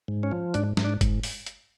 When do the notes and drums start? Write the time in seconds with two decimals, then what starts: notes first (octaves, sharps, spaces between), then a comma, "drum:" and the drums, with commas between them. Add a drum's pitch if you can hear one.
0.08 G#2
0.23 C#4
0.32 F3
0.54 G#2 D4, drum: hi-hat
0.77 G#2, drum: snare
0.84 D4
1.01 G#2, drum: kick F#1, hi-hat
1.23 drum: open hi-hat
1.46 drum: hi-hat